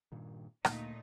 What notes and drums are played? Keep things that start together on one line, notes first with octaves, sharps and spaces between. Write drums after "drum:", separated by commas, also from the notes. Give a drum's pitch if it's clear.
G2 A#2 D#3
D2 A#2 A3 A#3 D#4, drum: rim click